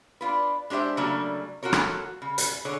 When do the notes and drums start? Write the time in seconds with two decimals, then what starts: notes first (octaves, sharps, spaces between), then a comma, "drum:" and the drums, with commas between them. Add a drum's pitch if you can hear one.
0.21 D4 F4 B4
0.70 G#3 D4 G4 C5 E5
0.97 C#3 F#3 G3 A3 A#3 D4
1.63 F4 F#4 A4 A#4 C#5
1.73 drum: rim click
2.22 C#3
2.38 drum: hi-hat
2.65 D3 G#4 C#5